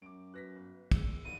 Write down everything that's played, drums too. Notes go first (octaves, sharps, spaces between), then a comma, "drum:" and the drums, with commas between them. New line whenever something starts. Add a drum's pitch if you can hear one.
F#2 D6 D7
F#4 B4 F#6 A#6 B6
G1
E2 G#4 E6 G7, drum: kick, cymbal
B1 G2 D3 D#7